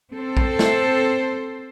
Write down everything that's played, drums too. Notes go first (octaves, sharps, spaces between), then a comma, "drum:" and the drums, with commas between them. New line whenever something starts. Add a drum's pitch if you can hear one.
C4 A4 C5
drum: kick A#1
drum: snare